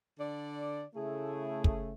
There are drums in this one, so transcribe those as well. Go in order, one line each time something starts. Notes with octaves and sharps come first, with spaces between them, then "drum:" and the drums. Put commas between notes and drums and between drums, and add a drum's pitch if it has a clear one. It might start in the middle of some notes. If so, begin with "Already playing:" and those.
D3 D5
C#3 A3 E4 G#4
drum: kick